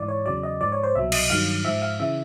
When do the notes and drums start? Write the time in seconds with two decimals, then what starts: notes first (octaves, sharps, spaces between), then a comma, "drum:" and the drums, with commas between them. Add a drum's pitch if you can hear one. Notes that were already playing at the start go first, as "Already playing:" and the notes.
Already playing: G#2 E3 D5
0.08 C#5
0.26 E2 C#3 F#3 D5
0.43 D#5
0.61 G#2 F3 D5
0.72 C#5
0.83 C5
0.95 C2 B2 F#3 E5
1.12 D#5, drum: cymbal
1.30 G2 D#3 F#3 F5
1.65 G#2 F3 E5
1.82 F5
2.00 C#3 E3 E5